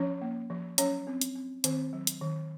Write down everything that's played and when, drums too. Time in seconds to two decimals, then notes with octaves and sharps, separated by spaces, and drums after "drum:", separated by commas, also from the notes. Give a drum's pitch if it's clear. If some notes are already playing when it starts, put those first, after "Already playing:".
Already playing: F3 C#4 C#5
0.22 A#3
0.50 F3
0.78 F#3 C#4 C#5, drum: hi-hat
1.07 C4
1.21 drum: hi-hat
1.35 C4
1.64 D#3 C4 C5, drum: hi-hat
1.93 F#3
2.07 drum: hi-hat
2.21 D#3